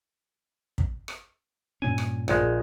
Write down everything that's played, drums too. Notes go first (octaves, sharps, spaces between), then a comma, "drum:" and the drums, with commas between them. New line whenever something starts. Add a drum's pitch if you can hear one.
drum: kick
drum: rim click
G2 A#2 C#4 G#5
drum: rim click
A#1 G#3, drum: rim click